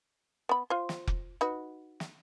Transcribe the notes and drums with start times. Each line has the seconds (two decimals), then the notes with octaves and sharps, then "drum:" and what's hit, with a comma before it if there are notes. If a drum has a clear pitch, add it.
0.49 B3 B5
0.70 F4 C5
0.89 drum: snare
1.07 drum: kick F1
1.41 D#4 F#4 B4
2.00 drum: snare